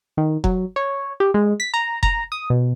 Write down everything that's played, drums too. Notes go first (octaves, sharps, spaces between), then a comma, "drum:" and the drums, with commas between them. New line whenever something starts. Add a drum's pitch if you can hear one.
D#3
F#3, drum: kick F1
C#5
G4
G#3
B6
A#5
A#5, drum: kick F1
D#6
B2